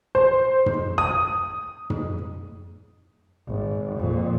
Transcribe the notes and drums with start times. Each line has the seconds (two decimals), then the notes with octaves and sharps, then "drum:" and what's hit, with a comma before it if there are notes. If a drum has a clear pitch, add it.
0.15 C5
0.66 drum: tom
0.98 D#6
1.90 drum: tom
3.47 G#1
3.96 F2 A#2